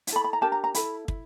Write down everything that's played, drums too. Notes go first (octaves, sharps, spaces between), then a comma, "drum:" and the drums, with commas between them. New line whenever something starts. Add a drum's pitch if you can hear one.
E4, drum: hi-hat
A4 B5
B5
A#5
D4 G4 A#4 A5
A#5
A#5
E4 A4 B5, drum: hi-hat
E4, drum: kick